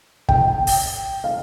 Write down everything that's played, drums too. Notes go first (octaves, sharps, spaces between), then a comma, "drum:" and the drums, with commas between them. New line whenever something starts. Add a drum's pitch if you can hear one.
G5, drum: kick
drum: open hi-hat
F5